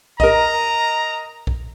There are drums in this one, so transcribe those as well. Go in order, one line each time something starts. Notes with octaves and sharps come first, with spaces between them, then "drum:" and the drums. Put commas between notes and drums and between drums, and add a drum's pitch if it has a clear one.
A#4 D#5 A#5, drum: kick B1
drum: kick B1